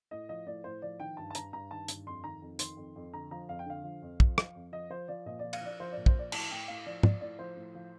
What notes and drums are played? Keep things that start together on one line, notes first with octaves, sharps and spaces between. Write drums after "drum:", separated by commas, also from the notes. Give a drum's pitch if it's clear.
A2 D#5
F3 D#5
A2 D5
A2 C5
F3 D5
D#3 G5
G2 A5
A5
G2 A#5, drum: hi-hat
G2 A#5
D#3 A5
G2, drum: hi-hat
F2 C6
D#3 A#5
F2
D#3 C6, drum: hi-hat
F2
F2
D3 A#5
F3 A#5
F2 F5
G5
D3 F5
F3
F2
F3, drum: kick
F3, drum: rim click
F2
F3 D#5
F3 C5
F3 D5
A#2 D#5
F3 D5
F5, drum: cymbal
F3 D5
F3 C5
D5
A#2
C5, drum: kick
F3 D5
A2 A5, drum: cymbal
A2 G5
A2 F5
F3 D5
F3 D5, drum: tom
A2 D5
F3 C5
A2
F3